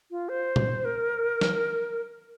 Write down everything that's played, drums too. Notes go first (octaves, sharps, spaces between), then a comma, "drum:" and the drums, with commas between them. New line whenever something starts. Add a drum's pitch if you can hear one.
F4
C5
drum: tom A#2
A#4
drum: snare